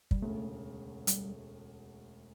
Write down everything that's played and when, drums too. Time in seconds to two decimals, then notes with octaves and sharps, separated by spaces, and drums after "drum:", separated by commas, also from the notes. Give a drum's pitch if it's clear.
0.11 G3, drum: kick
0.22 E1 D2 C#3 A3
1.07 G3, drum: hi-hat